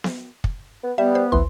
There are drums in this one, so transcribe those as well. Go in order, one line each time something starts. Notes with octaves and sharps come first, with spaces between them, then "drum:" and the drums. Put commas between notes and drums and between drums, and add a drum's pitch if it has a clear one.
drum: snare B3
drum: kick
B3
G3 B3 E5
C5
A1 D2 E3 C6